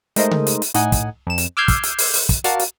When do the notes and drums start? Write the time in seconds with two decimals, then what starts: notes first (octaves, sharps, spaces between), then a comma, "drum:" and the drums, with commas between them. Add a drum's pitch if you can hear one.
0.16 G#3 A3 D#4 A#4 C5 D#5, drum: hi-hat
0.31 drum: tom C#3
0.47 drum: hi-hat
0.62 drum: hi-hat
0.74 A2 D#4 D#5 F#5 G#5, drum: hi-hat
0.92 drum: kick, hi-hat
1.27 F2 E7
1.38 drum: hi-hat
1.57 D6 E6 F6 G6 G#6 C7
1.68 drum: kick, hi-hat
1.83 drum: hi-hat
1.99 drum: open hi-hat
2.14 drum: open hi-hat
2.29 drum: kick, hi-hat
2.44 F#4 A#4 D5 F5 F#5 A5, drum: hi-hat
2.59 drum: hi-hat